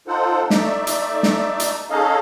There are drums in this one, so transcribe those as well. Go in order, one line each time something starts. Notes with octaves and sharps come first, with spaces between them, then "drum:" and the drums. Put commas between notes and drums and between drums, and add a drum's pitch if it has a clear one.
D#4 F4 A4 C5 F#5
A3 D#4 D5 E5, drum: snare
drum: hi-hat
drum: snare
drum: hi-hat
C#4 D#4 G#4 A4 D#5 F5